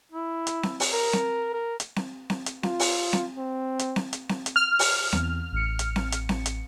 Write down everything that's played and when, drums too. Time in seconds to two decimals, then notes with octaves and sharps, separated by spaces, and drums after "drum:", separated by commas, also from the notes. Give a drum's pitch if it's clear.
0.12 E4
0.47 drum: hi-hat
0.63 drum: snare C4
0.80 drum: open hi-hat
0.91 A#4
1.13 drum: snare C4
1.54 A#4
1.80 drum: hi-hat
1.96 drum: snare C4
2.30 drum: snare C4
2.46 drum: hi-hat
2.63 F4, drum: snare C4
2.80 drum: open hi-hat
3.13 drum: snare C4
3.37 C4
3.79 drum: hi-hat
3.96 drum: snare C4
4.13 drum: hi-hat
4.29 drum: snare C4
4.46 drum: hi-hat
4.56 F6
4.79 drum: open hi-hat
5.12 E2, drum: snare C4
5.52 A1 C#7
5.79 drum: hi-hat
5.96 drum: snare C4
6.12 drum: hi-hat
6.29 drum: snare C4
6.46 drum: hi-hat